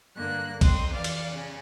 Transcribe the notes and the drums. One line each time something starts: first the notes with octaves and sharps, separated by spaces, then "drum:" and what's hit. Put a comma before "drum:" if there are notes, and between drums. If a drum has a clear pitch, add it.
G2 D3 A#3 F#6
F2 C4 C6 D#6, drum: kick, cymbal
E3 D5 F5
drum: cymbal
C#3